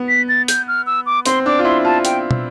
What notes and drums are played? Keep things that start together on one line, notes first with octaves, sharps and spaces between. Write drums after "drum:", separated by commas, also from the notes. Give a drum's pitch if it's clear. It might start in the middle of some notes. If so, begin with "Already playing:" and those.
Already playing: B3
B6
A6
G6, drum: hi-hat
F6
E6
D6
C4 C6, drum: hi-hat
D4 D6
F4
E4 C6
F4 A5
G5, drum: hi-hat
drum: tom